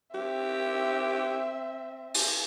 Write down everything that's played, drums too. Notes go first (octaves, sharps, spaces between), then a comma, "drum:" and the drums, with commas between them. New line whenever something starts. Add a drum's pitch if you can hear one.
C4 G4 E5
drum: open hi-hat